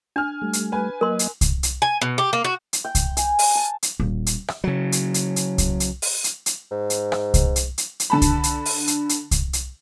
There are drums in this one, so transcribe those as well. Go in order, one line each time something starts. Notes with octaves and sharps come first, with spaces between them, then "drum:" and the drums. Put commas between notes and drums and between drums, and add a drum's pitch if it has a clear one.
D4 G#5 F6
G3 A3
drum: hi-hat
B4 G#5
F#3 A#3 A#4 D#5 C6
drum: hi-hat
drum: kick C2, hi-hat
drum: hi-hat
G#5
B2
G4
A#3
F#4
drum: hi-hat
G5
drum: kick C2, hi-hat
G#5, drum: hi-hat
drum: open hi-hat
A5
drum: hi-hat
D#1
drum: hi-hat
drum: rim click
C#3 F#3
drum: hi-hat
drum: hi-hat
drum: hi-hat
drum: kick C2, hi-hat
drum: hi-hat
drum: open hi-hat
drum: hi-hat
drum: hi-hat
G#2
drum: hi-hat
drum: rim click
drum: kick C2, hi-hat
drum: hi-hat
drum: hi-hat
drum: hi-hat
D3 A5 B5
drum: kick C2, hi-hat
drum: hi-hat
drum: open hi-hat
drum: hi-hat
drum: hi-hat
drum: kick C2, hi-hat
drum: hi-hat